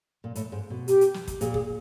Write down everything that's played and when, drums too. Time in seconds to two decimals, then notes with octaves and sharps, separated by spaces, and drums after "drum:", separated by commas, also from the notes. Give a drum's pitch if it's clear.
0.24 A#2
0.35 A2, drum: hi-hat
0.52 G#2
0.70 B2
0.88 G4, drum: hi-hat
1.01 drum: hi-hat
1.14 drum: snare
1.28 drum: kick, hi-hat
1.41 A#2 G#4, drum: hi-hat
1.54 G#4, drum: kick